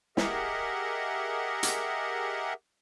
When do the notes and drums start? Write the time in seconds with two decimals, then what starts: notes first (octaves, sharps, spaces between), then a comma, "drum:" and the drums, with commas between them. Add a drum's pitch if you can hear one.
0.17 G4 G#4 A#4 D#5 E5 F#5, drum: snare
1.63 drum: hi-hat